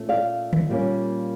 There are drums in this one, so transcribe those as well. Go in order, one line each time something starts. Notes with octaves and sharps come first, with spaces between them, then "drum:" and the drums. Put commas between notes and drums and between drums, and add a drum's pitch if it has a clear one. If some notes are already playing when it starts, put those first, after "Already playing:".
Already playing: A#2 A3 C#4
D5 F5
drum: tom D3
A#2 G3 A#3 C#4